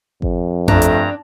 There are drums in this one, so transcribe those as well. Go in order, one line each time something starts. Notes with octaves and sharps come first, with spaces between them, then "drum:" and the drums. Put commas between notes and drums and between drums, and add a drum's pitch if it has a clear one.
F2, drum: kick G#1
G2 A3 D4 A#5, drum: tom F2
drum: hi-hat